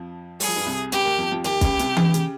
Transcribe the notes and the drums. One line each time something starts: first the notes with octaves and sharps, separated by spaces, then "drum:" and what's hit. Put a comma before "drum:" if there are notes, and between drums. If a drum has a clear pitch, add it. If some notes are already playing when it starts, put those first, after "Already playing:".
Already playing: F2 F3
G3 G#4, drum: open hi-hat
F3
G2 G3
C2 C3
C#2 C#3 G4, drum: hi-hat
D#2 D#3
F2 F3
F2 F3
D#2 D#3 G4, drum: hi-hat
C#2 C#3, drum: kick, hi-hat
C2 C3, drum: hi-hat
C#2 C#3, drum: tom E3
C#3, drum: hi-hat